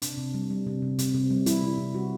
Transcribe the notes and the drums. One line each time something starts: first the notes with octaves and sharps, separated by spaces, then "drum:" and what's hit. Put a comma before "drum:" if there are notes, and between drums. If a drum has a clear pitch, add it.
C3 D4, drum: hi-hat
C3
G3
G3
C3
C3
C3, drum: hi-hat
C3
G3
G3 E4, drum: hi-hat
C3
C3
G3 F#4